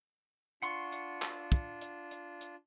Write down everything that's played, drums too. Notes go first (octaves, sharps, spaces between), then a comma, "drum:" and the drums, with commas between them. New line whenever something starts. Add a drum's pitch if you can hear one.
D4 F4 F#5 C6 C#6, drum: hi-hat
drum: hi-hat
drum: clap
drum: kick, hi-hat
drum: hi-hat
drum: hi-hat
drum: hi-hat